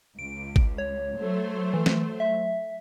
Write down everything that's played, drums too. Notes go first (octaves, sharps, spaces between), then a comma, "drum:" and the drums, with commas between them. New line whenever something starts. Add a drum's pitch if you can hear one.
C#2 D7
drum: kick
C#5
F#3 A3 C5
E3
drum: snare
E5